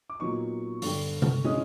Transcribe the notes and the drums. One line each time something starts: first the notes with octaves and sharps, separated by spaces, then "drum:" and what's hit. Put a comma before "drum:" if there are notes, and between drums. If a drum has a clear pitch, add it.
D6
A#2 F#3 B3 D#4 C#6
G2 D3 G3 C#6, drum: open hi-hat
drum: tom C3
E3 G#3 C#4 D#6